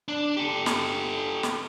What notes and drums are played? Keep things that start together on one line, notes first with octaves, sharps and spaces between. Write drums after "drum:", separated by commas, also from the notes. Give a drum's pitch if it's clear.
D4
G4 A4
drum: snare
drum: snare